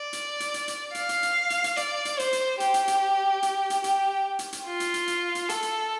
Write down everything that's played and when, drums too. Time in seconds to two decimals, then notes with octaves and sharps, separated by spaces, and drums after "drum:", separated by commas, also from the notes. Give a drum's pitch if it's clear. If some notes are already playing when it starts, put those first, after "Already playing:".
Already playing: D5
0.13 drum: hi-hat
0.40 drum: hi-hat
0.54 drum: hi-hat
0.68 drum: hi-hat
0.95 F5, drum: hi-hat
1.09 drum: hi-hat
1.23 drum: hi-hat
1.50 drum: hi-hat
1.64 drum: hi-hat
1.77 D5, drum: hi-hat
2.05 drum: hi-hat
2.19 C5, drum: hi-hat
2.33 drum: hi-hat
2.60 G4, drum: hi-hat
2.74 drum: hi-hat
2.88 drum: hi-hat
3.43 drum: hi-hat
3.70 drum: hi-hat
3.84 G4, drum: hi-hat
4.39 drum: hi-hat
4.53 drum: hi-hat
4.66 F4
4.80 drum: hi-hat
4.94 drum: hi-hat
5.08 drum: hi-hat
5.35 drum: hi-hat
5.49 A4, drum: hi-hat
5.62 drum: hi-hat